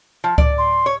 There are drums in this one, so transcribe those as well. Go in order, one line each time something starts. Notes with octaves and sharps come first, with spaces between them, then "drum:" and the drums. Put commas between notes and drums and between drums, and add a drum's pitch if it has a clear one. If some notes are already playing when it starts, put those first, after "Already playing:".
F3
D5, drum: kick C#2
C6
C#5